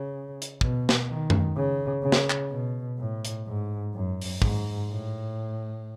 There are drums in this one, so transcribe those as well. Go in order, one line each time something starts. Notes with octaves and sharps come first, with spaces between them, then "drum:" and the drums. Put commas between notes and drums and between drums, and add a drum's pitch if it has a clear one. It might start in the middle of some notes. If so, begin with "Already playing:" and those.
Already playing: C#3
drum: hi-hat
B2, drum: kick
drum: snare
D#3
drum: tom F#2
C#3
C#3
drum: snare
drum: clap
B2
A2
drum: hi-hat
G#2
F#2
drum: open hi-hat
G#2, drum: kick
A2